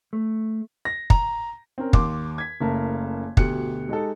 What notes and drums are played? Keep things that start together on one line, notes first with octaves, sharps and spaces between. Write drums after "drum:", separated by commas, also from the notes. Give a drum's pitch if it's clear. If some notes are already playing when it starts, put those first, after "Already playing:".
A3
A#6
A#5, drum: kick
C4 C#4 A#4
D#2 C6 D6, drum: kick
G#6 B6
F#1 C#3 A3 A#4 A5
D2 B2 G4 F#6 C#7, drum: kick
G#3 D#4 G4 A4